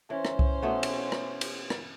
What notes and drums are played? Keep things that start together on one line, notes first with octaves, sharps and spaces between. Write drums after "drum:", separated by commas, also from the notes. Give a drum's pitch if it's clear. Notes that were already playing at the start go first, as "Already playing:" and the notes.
E3 C#4 C5
drum: rim click
drum: kick C2
B2 A3 B3
drum: cymbal
drum: rim click
drum: cymbal
drum: rim click